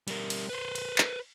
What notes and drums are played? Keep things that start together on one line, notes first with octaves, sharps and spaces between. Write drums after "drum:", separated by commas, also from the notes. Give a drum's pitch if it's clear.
G3 A#4, drum: cymbal
drum: cymbal
B4 C5
drum: cymbal
drum: clap